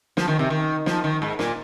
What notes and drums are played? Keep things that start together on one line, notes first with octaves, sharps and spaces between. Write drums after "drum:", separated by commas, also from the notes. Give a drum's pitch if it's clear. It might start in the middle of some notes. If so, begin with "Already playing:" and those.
F3, drum: snare
D#3
C3
D#3
F3, drum: snare
D#3
G#2
A#2, drum: snare